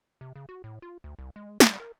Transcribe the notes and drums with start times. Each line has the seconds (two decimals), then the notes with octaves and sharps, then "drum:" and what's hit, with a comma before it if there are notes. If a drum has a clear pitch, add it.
0.21 C3
0.36 C#3
0.49 F#4
0.64 A2
0.82 F4
1.04 D2
1.19 C2
1.36 G#3
1.60 G3, drum: snare
1.80 A#4